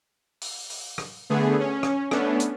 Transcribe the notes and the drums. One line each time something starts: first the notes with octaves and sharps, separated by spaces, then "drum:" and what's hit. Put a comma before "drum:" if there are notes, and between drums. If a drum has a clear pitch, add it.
drum: open hi-hat
drum: open hi-hat
drum: rim click
D3 A3 B3 G#4
C#4
drum: rim click
A3 B3 C#4 D4, drum: rim click
drum: hi-hat